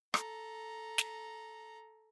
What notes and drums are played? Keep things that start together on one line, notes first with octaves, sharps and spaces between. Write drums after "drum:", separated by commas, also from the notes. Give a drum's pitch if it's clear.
A4 A#5, drum: rim click
drum: snare